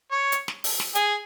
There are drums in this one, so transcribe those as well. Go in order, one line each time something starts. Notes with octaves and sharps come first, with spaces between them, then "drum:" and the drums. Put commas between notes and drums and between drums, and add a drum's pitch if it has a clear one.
C#5
drum: hi-hat
drum: snare
drum: open hi-hat
drum: snare
G#4, drum: hi-hat